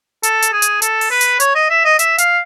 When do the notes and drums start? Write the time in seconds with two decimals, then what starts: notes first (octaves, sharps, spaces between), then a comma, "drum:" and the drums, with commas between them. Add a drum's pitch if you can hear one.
0.23 A4, drum: hi-hat
0.42 drum: hi-hat
0.53 G#4
0.62 drum: hi-hat
0.82 A4, drum: hi-hat
1.01 drum: open hi-hat
1.11 B4
1.21 drum: hi-hat
1.40 C#5, drum: hi-hat
1.55 D#5
1.70 E5
1.85 D#5
1.99 E5, drum: hi-hat
2.18 F5, drum: hi-hat